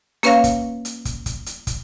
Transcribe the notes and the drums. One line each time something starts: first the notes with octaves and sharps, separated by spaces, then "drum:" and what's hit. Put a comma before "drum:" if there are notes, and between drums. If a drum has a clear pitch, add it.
A#3 C#4 B4 C#5 F5 A#6, drum: hi-hat
drum: kick, hi-hat
drum: hi-hat
drum: kick, hi-hat
drum: kick, hi-hat
drum: hi-hat
drum: kick, hi-hat